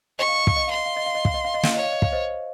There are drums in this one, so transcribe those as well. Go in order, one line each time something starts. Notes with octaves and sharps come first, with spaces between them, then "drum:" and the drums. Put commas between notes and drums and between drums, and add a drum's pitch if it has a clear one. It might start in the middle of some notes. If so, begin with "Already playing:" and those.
D#5 C#6
F5
D#5
F5, drum: kick
D#5
F5 C6
D#5
F5
D#5
F5
D#5
F5, drum: kick
D#5
F5
D#5
F5, drum: snare
C#5 D#5
F5
D#5
F5, drum: kick
C5 D#5